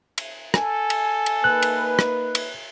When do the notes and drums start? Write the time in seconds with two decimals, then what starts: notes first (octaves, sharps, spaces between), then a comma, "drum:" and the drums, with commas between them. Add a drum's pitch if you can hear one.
0.18 drum: cymbal
0.54 A4 G#5, drum: rim click
0.90 drum: cymbal
1.26 drum: cymbal
1.44 A#3 D#4 B4 F#6
1.62 drum: cymbal
1.99 drum: rim click
2.35 drum: cymbal